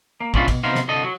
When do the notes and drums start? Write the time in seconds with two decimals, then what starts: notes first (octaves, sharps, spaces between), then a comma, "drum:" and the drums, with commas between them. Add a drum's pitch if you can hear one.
0.20 A#3
0.34 B2 G#3 C#4 D4 E4 F4, drum: kick
0.48 B2, drum: kick, cymbal
0.63 B1 C3 B3 D#4 C5 F5
0.75 drum: snare
0.88 C2 G2 D3 A4 D#5
1.03 F#3